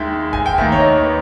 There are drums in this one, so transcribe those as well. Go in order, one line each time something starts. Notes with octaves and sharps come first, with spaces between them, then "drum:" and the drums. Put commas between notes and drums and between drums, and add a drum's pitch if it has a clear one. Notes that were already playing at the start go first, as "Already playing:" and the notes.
Already playing: D#2 D#3 G#3 E5 G5
G#5, drum: kick
G5
D#2 D#3 A#3 E5, drum: kick
C#5
D#5
B4